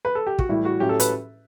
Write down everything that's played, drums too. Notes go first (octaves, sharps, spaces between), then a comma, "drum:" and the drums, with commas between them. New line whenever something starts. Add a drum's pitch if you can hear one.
B4
A4
G4
F#4, drum: kick
A2 E3 G3 E4
F#4
A2 F#3 C#4 G4
A4
B4, drum: hi-hat